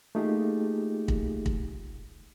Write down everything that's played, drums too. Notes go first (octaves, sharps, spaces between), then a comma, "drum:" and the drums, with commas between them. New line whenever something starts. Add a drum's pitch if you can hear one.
A3 A#3 D#4 F4 G4 G#4
drum: kick
drum: kick